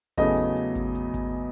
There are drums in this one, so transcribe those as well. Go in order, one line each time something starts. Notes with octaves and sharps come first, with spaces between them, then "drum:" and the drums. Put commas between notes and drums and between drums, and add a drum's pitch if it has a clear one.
E2 C#3 F#3 A3 D#5, drum: kick G#1, hi-hat
drum: hi-hat
drum: hi-hat
drum: kick G#1, hi-hat
drum: hi-hat
drum: kick G#1, hi-hat